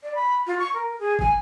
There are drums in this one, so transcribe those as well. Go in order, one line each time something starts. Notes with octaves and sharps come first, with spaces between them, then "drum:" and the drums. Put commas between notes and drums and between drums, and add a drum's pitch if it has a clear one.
D5
B5
F4
C#6
A#4
G#4
G#5, drum: kick